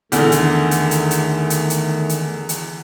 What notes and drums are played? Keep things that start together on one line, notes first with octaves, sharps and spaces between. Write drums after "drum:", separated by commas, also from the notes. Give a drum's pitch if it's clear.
E2 D3 D#3 A3, drum: hi-hat
drum: hi-hat
drum: hi-hat
drum: hi-hat
drum: hi-hat
drum: hi-hat
drum: hi-hat
drum: hi-hat
drum: hi-hat